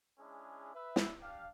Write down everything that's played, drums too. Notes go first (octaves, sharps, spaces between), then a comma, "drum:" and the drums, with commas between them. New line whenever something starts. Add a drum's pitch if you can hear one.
G#3 C#4 D4 E4 G#4
B4 E5
drum: snare
D4 G4 F5